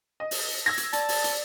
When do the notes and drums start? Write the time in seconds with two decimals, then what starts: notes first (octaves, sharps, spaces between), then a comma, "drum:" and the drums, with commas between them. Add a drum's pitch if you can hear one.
0.20 D#5
0.31 drum: open hi-hat
0.66 E6 G#6 A#6
0.78 drum: hi-hat
0.93 D5 A5, drum: hi-hat
1.09 drum: open hi-hat
1.24 drum: hi-hat